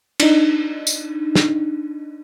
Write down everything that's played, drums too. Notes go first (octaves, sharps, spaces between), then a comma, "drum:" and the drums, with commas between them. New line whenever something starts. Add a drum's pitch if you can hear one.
D4 D#4, drum: cymbal
drum: tambourine
drum: snare